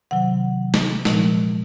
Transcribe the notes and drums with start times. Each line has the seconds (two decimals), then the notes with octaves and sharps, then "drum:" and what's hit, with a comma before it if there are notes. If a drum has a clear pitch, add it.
0.11 C3 D#3 F#3 F#5
0.74 drum: snare
1.05 A#2 F3 G#3, drum: snare